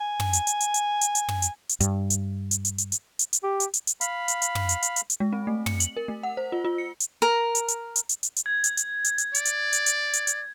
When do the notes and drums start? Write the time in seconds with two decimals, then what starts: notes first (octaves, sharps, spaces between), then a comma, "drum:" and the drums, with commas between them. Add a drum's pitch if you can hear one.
0.01 G#5
0.20 drum: tom
0.33 drum: hi-hat
0.47 drum: hi-hat
0.60 drum: hi-hat
0.74 drum: hi-hat
1.01 drum: hi-hat
1.15 drum: hi-hat
1.29 drum: tom
1.42 drum: hi-hat
1.69 drum: hi-hat
1.80 G2, drum: hi-hat
2.10 drum: hi-hat
2.51 drum: hi-hat
2.65 drum: hi-hat
2.78 drum: hi-hat
2.92 drum: hi-hat
3.19 drum: hi-hat
3.33 drum: hi-hat
3.43 G4
3.60 drum: hi-hat
3.74 drum: hi-hat
3.87 drum: hi-hat
4.01 F5 B5, drum: hi-hat
4.28 drum: hi-hat
4.42 drum: hi-hat
4.55 drum: tom
4.69 drum: hi-hat
4.82 drum: hi-hat
4.96 drum: hi-hat
5.10 drum: hi-hat
5.20 G#3
5.33 C4
5.47 A3
5.66 C#7, drum: tom
5.80 F#7, drum: hi-hat
5.97 A#4
6.08 A3
6.23 F#5
6.37 C5
6.52 F4
6.65 F4
6.78 C#7
7.00 drum: hi-hat
7.22 A#4
7.55 drum: hi-hat
7.68 drum: hi-hat
7.96 drum: hi-hat
8.09 drum: hi-hat
8.23 drum: hi-hat
8.36 drum: hi-hat
8.46 G#6
8.64 drum: hi-hat
8.77 drum: hi-hat
9.04 drum: hi-hat
9.18 drum: hi-hat
9.35 D5, drum: hi-hat
9.45 drum: hi-hat
9.73 drum: hi-hat
9.86 drum: hi-hat
10.13 drum: hi-hat
10.27 drum: hi-hat